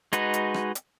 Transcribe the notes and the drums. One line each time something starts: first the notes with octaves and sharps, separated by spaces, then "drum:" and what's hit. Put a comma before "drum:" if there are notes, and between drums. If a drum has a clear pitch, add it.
G#3 D#4 F#4 B4, drum: hi-hat
drum: hi-hat
drum: rim click
drum: hi-hat